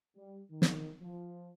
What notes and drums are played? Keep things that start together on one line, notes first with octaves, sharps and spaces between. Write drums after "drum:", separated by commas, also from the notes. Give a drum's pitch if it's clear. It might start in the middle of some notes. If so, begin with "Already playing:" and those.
G3
D#3
drum: snare
F3